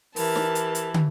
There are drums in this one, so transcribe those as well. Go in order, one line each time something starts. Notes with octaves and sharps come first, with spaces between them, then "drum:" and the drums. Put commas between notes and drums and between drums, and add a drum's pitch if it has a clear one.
E3 G4 A#4 A5, drum: open hi-hat
drum: snare
drum: hi-hat
drum: hi-hat
drum: tom